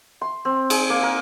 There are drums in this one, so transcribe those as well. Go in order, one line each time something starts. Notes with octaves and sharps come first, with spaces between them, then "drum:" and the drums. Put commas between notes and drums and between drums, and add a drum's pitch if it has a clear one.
C6
C4
G#4, drum: cymbal
A#3
A#4